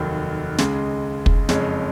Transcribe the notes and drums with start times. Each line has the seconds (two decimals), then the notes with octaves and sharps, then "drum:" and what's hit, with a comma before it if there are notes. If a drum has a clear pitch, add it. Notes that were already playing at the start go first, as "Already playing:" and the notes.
Already playing: F1 D#2 D#3 F#3
0.58 C#2 C#3 G#3, drum: snare
1.26 drum: kick
1.49 F#1 F2 C#3 G#3 C#4, drum: snare